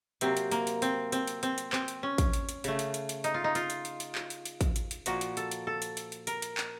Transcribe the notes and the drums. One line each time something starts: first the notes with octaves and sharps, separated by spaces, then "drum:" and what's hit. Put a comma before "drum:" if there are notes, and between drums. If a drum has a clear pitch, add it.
C3 F#3 A#3 C4, drum: hi-hat
drum: hi-hat
A#3, drum: hi-hat
drum: hi-hat
C4, drum: hi-hat
C4, drum: hi-hat
drum: hi-hat
C4, drum: hi-hat
drum: hi-hat
C4, drum: clap
drum: hi-hat
C#4
drum: kick, hi-hat
drum: hi-hat
drum: hi-hat
C#3 A3, drum: hi-hat
drum: hi-hat
drum: hi-hat
drum: hi-hat
D#4, drum: hi-hat
F4
D#4
F4, drum: hi-hat
drum: hi-hat
drum: hi-hat
drum: hi-hat
drum: clap
drum: hi-hat
drum: hi-hat
drum: kick, hi-hat
drum: hi-hat
drum: hi-hat
A#2 F3 A#3 F#4, drum: hi-hat
drum: hi-hat
A4, drum: hi-hat
drum: hi-hat
A4
drum: hi-hat
drum: hi-hat
drum: hi-hat
A#4, drum: hi-hat
drum: hi-hat
drum: clap